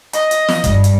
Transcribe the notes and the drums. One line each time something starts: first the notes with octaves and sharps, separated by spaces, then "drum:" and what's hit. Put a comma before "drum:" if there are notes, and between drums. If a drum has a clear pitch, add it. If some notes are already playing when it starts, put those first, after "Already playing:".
D#5, drum: hi-hat
drum: hi-hat
drum: snare
G2, drum: kick F#1, hi-hat
drum: hi-hat